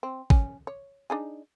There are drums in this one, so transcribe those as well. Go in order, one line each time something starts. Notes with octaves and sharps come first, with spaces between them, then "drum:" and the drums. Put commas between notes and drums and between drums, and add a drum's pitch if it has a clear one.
C4
C#4, drum: kick G#1
C#5
D4 D#4 G#4